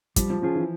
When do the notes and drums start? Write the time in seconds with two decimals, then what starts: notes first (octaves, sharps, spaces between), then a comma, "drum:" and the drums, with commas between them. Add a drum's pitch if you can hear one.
0.16 F3 G3, drum: kick, hi-hat
0.30 F3
0.42 F3 C#4 F4 G#4
0.55 E3